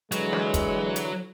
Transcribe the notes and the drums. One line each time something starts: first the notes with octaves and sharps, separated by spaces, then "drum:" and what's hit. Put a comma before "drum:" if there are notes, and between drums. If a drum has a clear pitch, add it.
D3 E3 F#3 G#3 B4, drum: hi-hat
drum: snare
drum: kick, hi-hat
drum: hi-hat